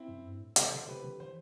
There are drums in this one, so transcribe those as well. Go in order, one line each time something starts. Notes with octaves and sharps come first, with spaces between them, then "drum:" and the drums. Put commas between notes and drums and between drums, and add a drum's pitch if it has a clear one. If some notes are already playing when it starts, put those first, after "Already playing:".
Already playing: C4 E4
F#2
G2
A2
C3 A4 C5, drum: hi-hat
D3
C5
C3 G4 B4
D3
E3 C5